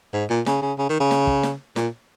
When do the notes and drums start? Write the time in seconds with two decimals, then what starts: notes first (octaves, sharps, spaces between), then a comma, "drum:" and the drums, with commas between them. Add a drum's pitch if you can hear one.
0.13 G#2
0.30 A#2
0.46 C#3, drum: snare
0.62 C#3
0.79 C#3
0.89 D#3
1.00 C#3
1.11 drum: snare
1.27 drum: kick
1.43 drum: snare
1.76 A#2, drum: snare